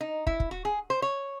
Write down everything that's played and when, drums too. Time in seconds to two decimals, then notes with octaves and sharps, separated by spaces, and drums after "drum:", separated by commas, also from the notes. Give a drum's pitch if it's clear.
0.01 D#4
0.27 E4, drum: kick
0.40 drum: kick
0.51 F#4
0.65 G#4
0.90 C5
1.02 C#5